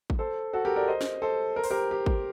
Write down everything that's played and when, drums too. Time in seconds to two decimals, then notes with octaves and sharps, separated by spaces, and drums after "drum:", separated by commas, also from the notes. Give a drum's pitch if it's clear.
0.10 drum: kick
0.19 A4 C5
0.53 F#4 A4
0.65 G4 A#4
0.76 A#4 D5
0.88 C5 D#5
1.01 drum: snare
1.22 A4 C5
1.56 A#4
1.64 C5, drum: open hi-hat
1.71 G4 A#4
1.91 G4
2.06 drum: kick